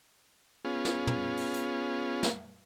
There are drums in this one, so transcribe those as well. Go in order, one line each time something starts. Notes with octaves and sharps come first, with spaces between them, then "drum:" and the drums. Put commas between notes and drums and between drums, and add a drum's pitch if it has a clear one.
B3 C#4 F4 G#4
drum: snare
drum: tom
drum: open hi-hat
drum: hi-hat
drum: snare